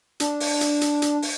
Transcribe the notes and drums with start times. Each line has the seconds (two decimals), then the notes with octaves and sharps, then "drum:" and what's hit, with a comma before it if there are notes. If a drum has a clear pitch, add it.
0.20 D4, drum: hi-hat
0.40 drum: open hi-hat
0.61 drum: hi-hat
0.81 drum: hi-hat
1.02 drum: hi-hat
1.22 drum: open hi-hat